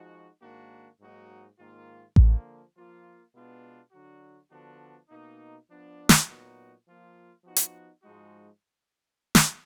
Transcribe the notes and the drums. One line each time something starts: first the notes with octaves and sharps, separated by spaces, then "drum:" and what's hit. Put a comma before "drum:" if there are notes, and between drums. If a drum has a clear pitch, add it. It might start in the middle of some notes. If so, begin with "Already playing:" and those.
Already playing: F3 G#3 D#4 F#4
G#2 D#3 A#3 D4 F#4
G#2 F#3 A#3 D#4 F#4
G#2 D#3 A#3 F4
D3 F3 A#3, drum: kick A1
F3 A#3 F4
B2 G#3 B3 D4 F4
D3 F#3 D4 F#4
D3 F3 B3 D4 F#4
B2 A#3 D#4
F3 B3 D4
drum: snare
A#2 F#3 B3 D#4 F#4
F3 A#3 F4
F3 B3 D#4 F#4
drum: hi-hat
G#2 F3 G#3 D#4 F#4
drum: snare